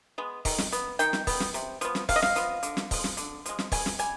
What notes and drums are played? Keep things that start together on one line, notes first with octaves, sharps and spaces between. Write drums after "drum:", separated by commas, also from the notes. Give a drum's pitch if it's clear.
G#3 B3
D#3, drum: kick, open hi-hat
drum: snare
B3, drum: hi-hat
D#3 G5, drum: hi-hat
drum: snare
B3, drum: kick, open hi-hat
drum: snare
C3, drum: hi-hat
F3 B3, drum: hi-hat
drum: snare
C3 F5, drum: kick, open hi-hat
D#5
F5, drum: snare
F3 B3, drum: hi-hat
D3, drum: hi-hat
drum: snare
F3 G#3, drum: kick, open hi-hat
drum: snare
D3, drum: hi-hat
F3 G#3, drum: hi-hat
drum: snare
B2 G#5, drum: kick, open hi-hat
drum: snare
G3 G#5, drum: hi-hat